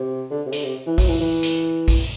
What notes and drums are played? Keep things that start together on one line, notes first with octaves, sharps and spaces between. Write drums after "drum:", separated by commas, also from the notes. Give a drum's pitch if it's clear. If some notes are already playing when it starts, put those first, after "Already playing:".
Already playing: C3
D3
C3
D3, drum: hi-hat
C3
E3
F#3, drum: kick, open hi-hat
E3
E3
drum: hi-hat
drum: kick, open hi-hat